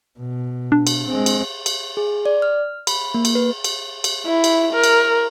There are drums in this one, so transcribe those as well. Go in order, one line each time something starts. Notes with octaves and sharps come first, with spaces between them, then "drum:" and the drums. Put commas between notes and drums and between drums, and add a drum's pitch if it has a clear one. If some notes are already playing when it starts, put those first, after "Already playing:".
B2
D4
drum: cymbal
G#3 C4
drum: cymbal
drum: cymbal
G#4
D5
F6
B5, drum: cymbal
A#3
drum: cymbal
B4
drum: cymbal
drum: cymbal
E4
drum: cymbal
A#4
drum: cymbal